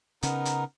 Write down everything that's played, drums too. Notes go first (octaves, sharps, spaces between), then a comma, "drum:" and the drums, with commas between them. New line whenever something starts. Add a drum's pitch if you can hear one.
C#3 B3 C#4 D#4 A#4, drum: hi-hat
drum: hi-hat